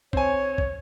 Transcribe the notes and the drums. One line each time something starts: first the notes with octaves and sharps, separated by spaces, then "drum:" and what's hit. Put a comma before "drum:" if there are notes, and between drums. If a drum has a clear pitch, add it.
C4 C#5 G#5, drum: kick
drum: kick